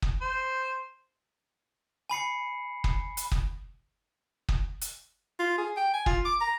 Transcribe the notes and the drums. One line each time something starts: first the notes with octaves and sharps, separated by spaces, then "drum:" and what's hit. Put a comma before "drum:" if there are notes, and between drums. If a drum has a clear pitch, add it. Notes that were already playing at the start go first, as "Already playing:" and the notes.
drum: kick
C5
G#5 B5 C7 C#7
drum: kick
drum: hi-hat
drum: kick
drum: kick
drum: hi-hat
F4
G#4
G5
G#5
F4, drum: kick
D6
A#5